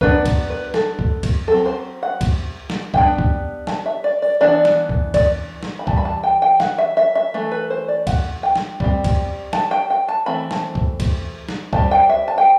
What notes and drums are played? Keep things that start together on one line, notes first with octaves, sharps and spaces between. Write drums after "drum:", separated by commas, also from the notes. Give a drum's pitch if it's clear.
F#3 B3 D4 B4, drum: kick C#2
drum: kick C#2, cymbal
B4
A4, drum: snare
drum: kick C#2
drum: kick C#2, cymbal
F#3 C4 A4
C5
F#5
drum: kick C#2, cymbal
drum: snare
G3 B3 D4 G5, drum: kick C#2
drum: kick C#2
A5, drum: snare
E5
D5
D5
E3 B3 D4 D5
drum: snare
drum: kick C#2
D5, drum: kick C#2, cymbal
drum: snare
B5
E3 G3 A5, drum: kick C#2
B5
A5
G5
G5
F#5, drum: snare
E5
E5
E5
E3 A3
B4
C5
D5
F#5, drum: kick C#2, cymbal
G5
drum: snare
G3 C4, drum: kick C#2
drum: kick C#2, cymbal
A5, drum: snare
G5
G5
A5
E3 A3 C4 B5
A5, drum: snare
drum: kick C#2
drum: kick C#2, cymbal
drum: snare
G3 C4 A5, drum: kick C#2
G5
E5
A5
G5